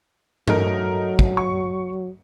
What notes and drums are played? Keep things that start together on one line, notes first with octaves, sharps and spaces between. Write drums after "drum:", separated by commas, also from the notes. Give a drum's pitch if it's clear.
F#3 A3 D#4 A#4, drum: tom G2
drum: kick
C#6